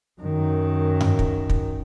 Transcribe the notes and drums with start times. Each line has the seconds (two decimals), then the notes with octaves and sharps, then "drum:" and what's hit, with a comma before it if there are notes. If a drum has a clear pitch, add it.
0.21 F#2 D#3
1.01 drum: tom G2
1.19 drum: kick
1.50 drum: kick